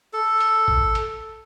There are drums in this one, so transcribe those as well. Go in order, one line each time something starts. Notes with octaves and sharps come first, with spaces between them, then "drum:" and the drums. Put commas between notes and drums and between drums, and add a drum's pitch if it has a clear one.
A4
drum: hi-hat
drum: kick
drum: hi-hat